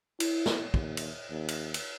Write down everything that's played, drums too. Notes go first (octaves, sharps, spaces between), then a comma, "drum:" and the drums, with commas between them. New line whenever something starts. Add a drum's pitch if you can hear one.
E4, drum: cymbal
drum: snare
D#2, drum: kick
drum: cymbal
D#2
drum: cymbal
drum: cymbal